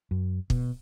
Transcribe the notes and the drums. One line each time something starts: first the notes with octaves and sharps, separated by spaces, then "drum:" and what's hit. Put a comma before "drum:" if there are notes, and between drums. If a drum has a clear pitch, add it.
F#2
B2, drum: kick